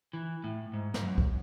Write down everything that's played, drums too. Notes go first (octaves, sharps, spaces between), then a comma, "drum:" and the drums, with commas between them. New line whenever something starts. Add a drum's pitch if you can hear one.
E3
A2
G#2
G#2, drum: snare
F#2
drum: kick